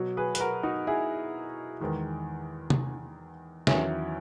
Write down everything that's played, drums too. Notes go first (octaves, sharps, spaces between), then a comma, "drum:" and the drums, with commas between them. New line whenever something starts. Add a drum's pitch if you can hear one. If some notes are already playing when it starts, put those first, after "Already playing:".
Already playing: B2 F#3
G#4 B4
B4, drum: hi-hat
F#4 A#4
D#4 F#4
E4 G#4
E2 D#3 G#3
drum: tom C3
E2 D#3 F#3 C#4 E4, drum: snare